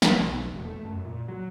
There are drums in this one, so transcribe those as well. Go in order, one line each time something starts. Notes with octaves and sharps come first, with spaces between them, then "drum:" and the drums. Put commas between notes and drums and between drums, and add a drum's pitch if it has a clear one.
drum: snare
B1
E1
A3
F#2
A#2
F#3